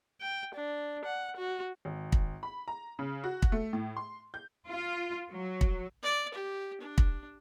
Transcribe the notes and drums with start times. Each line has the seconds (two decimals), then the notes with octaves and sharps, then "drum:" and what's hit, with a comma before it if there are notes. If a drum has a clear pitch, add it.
0.21 G5
0.55 D4
1.05 F#5
1.37 F#4
1.85 G#1
2.12 drum: kick
2.43 B5
2.68 A#5
2.99 C#3
3.24 F#4
3.42 drum: kick
3.52 A3
3.73 A2
3.97 C6
4.34 G6
4.69 F4
5.31 F#3
5.61 drum: kick
6.03 D5
6.34 G4
6.81 D4
6.98 drum: kick